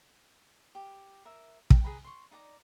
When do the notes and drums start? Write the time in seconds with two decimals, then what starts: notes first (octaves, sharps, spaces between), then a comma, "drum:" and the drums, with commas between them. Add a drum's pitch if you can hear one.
0.75 G4
1.25 A#4 E5
1.70 G5, drum: kick
1.84 G#4 B4 A#5 B5
2.04 C6 C#6
2.31 D#4 D5 F#5 A#5